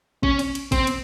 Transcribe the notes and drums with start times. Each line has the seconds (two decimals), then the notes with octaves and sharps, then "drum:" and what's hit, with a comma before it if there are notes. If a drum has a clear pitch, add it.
0.23 C#4, drum: kick A1
0.39 drum: cymbal
0.55 drum: cymbal
0.72 C4, drum: kick A1, cymbal
0.87 drum: cymbal